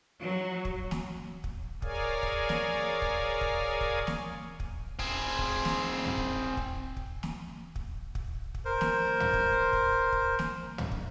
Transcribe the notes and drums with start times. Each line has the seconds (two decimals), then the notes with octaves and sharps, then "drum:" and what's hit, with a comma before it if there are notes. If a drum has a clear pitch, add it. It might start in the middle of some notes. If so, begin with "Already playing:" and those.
0.21 F#3
0.65 drum: kick
0.91 drum: snare
1.44 drum: kick
1.82 G#4 A#4 C#5 D5 F5 G#5, drum: kick
2.23 drum: kick
2.49 drum: snare
3.02 drum: kick
3.41 drum: kick
3.81 drum: kick
4.07 drum: snare
4.60 drum: kick
4.99 C4 G#4, drum: kick
5.39 drum: kick
5.65 drum: snare
6.04 drum: tom
6.18 drum: kick
6.57 drum: kick
6.97 drum: kick
7.23 drum: snare
7.76 drum: kick
8.15 drum: kick
8.55 drum: kick
8.65 A#4 C5
8.81 drum: snare
9.20 drum: tom
9.33 drum: kick
9.73 drum: kick
10.12 drum: kick
10.39 drum: snare
10.78 drum: tom
10.91 drum: kick